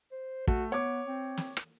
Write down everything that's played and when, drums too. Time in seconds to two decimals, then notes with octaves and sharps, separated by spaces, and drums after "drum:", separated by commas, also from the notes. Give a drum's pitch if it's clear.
0.12 C5
0.47 A3 F#4, drum: kick
0.72 B3 C#5 D6
1.07 C4
1.37 drum: snare
1.57 drum: rim click